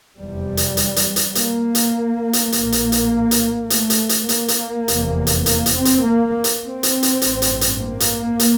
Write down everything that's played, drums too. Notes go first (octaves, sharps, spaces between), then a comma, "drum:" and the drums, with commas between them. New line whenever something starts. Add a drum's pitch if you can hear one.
F1 E2 C3 G3
drum: hi-hat
drum: hi-hat
drum: hi-hat
drum: hi-hat
A#3, drum: hi-hat
drum: hi-hat
drum: hi-hat
A#1 A2 A#3, drum: hi-hat
drum: hi-hat
drum: hi-hat
drum: hi-hat
A3, drum: hi-hat
drum: hi-hat
drum: hi-hat
A#3, drum: hi-hat
drum: hi-hat
F1 E2 C3, drum: hi-hat
drum: hi-hat
A#3, drum: hi-hat
drum: hi-hat
C4
drum: hi-hat
A#3
drum: hi-hat
C4
drum: hi-hat
drum: hi-hat
A1 G2, drum: hi-hat
drum: hi-hat
drum: hi-hat
A#3
drum: hi-hat
drum: hi-hat